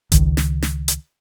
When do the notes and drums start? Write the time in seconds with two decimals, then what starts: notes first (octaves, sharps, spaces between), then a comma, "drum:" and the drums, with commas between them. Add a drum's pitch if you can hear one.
0.12 C#2 D#3, drum: kick G#1, hi-hat
0.37 drum: snare
0.62 drum: snare
0.88 drum: hi-hat